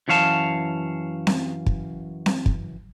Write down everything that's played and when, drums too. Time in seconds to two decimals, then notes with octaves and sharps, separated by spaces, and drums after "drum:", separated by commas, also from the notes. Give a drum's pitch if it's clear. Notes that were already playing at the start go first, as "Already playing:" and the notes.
0.08 F#2 E3 C#5 F5 A5
1.27 drum: snare C4
1.66 drum: kick
2.26 drum: snare C4
2.46 drum: kick